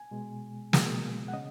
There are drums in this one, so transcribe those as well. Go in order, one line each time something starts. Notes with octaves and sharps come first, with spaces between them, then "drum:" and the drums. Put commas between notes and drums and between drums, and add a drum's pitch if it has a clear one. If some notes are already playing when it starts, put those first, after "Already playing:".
Already playing: G#5
B2 G#3
B2 G#3, drum: snare
F#5
C#3 D#5